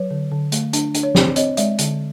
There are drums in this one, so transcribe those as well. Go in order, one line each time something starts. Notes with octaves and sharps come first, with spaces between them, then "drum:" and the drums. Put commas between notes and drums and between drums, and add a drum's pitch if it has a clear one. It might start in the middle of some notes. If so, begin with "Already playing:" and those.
Already playing: F#3 B4 C#5
D3
D3
A3, drum: hi-hat
D4, drum: hi-hat
D4, drum: hi-hat
C#5
C4 C5 D5, drum: snare
C4 C#5 D#5, drum: hi-hat
G#3 D5 E5, drum: hi-hat
D3, drum: hi-hat